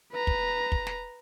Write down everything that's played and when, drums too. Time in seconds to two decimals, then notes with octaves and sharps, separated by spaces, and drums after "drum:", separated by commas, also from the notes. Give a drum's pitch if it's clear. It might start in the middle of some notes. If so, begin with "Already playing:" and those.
0.12 B4 A#5
0.27 drum: kick
0.72 drum: kick
0.87 drum: snare